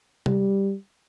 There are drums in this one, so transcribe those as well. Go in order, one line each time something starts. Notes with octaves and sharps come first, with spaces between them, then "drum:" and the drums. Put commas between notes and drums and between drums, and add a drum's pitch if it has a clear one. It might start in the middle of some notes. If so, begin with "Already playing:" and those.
G3, drum: tom C3